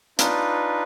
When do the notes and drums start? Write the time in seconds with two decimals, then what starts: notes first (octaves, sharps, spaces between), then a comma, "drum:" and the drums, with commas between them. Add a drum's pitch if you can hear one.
0.19 D4 D#4 F4 B4, drum: hi-hat